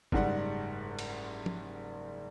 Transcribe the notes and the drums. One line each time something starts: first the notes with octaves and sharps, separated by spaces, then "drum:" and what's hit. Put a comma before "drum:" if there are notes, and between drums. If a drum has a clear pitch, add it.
F#1 G#2 G3 F#5, drum: kick G1
drum: cymbal
drum: tom